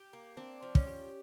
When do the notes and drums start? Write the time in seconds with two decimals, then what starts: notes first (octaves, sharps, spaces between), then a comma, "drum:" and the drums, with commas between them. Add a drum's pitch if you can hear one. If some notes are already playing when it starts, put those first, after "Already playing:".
Already playing: G4
0.13 A#3
0.37 C4 D4
0.62 F3
0.75 C#4, drum: kick
0.87 G4